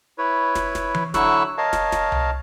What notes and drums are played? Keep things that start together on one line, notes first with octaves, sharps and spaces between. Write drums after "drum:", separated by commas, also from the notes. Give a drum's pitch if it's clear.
E4 B4 C#5
drum: snare
drum: snare
drum: tom E3
D3 F#3 E4 C#6 E6 F#6, drum: snare
A#4 C#5 D#5 F5 A5
drum: snare
drum: snare
drum: tom C2